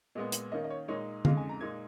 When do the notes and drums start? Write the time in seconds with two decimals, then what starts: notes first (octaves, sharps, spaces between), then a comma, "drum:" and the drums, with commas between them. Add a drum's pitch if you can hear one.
0.15 A#2 G#3 B3 D#5
0.32 drum: hi-hat
0.52 D#3 A#3 C#4 D#5
0.64 D#5
0.70 C#5
0.88 A#2 G#3 D#4 C#5
1.25 F2 C#3 G#3 D#4 F5, drum: tom D3
1.37 G#5
1.49 A#5
1.61 A#2 G#3 D#4 G#6